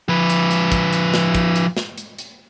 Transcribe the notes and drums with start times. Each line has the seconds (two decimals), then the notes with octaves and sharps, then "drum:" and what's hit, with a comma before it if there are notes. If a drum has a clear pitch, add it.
0.09 F3 B4
0.30 drum: hi-hat
0.51 drum: hi-hat
0.72 drum: kick, hi-hat
0.93 drum: hi-hat
1.14 drum: snare
1.35 drum: kick, hi-hat
1.56 drum: hi-hat
1.77 drum: snare
1.98 drum: hi-hat
2.19 drum: hi-hat